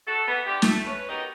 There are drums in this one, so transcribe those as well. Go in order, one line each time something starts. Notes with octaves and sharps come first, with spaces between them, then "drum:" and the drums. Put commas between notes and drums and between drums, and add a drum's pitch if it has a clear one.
F#4 A4
E3 B3
D3 G4
A3, drum: snare
C#4 B4
B3 D#4 F#4 G4 A#4